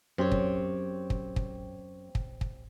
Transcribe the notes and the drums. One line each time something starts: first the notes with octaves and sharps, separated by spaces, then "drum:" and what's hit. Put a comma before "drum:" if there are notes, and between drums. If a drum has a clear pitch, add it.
F#2 C4 G4 C#5
drum: kick
drum: kick
drum: kick
drum: kick
drum: kick